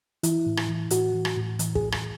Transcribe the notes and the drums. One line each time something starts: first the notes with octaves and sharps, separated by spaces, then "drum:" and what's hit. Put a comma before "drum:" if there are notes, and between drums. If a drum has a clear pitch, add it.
E3 E4, drum: hi-hat
A2
drum: rim click
E3
A2 F#4, drum: hi-hat
E3
drum: rim click
A2
E3, drum: hi-hat
G#4, drum: kick
A2
drum: rim click